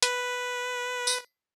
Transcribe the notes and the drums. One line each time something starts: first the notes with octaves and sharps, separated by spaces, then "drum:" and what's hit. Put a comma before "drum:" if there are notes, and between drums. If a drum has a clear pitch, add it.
B4, drum: hi-hat
drum: tambourine